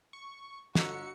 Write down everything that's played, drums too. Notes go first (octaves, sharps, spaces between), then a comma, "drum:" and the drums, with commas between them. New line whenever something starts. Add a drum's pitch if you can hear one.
C#6
G1 D3 F#4 D#5 A#5 E6 C#7, drum: snare